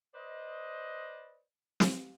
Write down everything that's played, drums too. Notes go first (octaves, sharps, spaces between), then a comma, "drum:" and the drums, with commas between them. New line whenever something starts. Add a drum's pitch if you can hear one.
B4 C5 D5 D#5
drum: snare